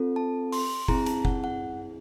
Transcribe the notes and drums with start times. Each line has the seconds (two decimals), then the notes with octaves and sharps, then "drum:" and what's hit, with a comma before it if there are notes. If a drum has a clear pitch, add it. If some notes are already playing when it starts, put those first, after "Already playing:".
Already playing: C4 F4 A4
0.16 A5
0.52 C6, drum: open hi-hat
0.88 C4 E4 G#4 A#5, drum: kick F#1
1.06 A5, drum: hi-hat
1.25 F#5, drum: kick F#1
1.44 F#5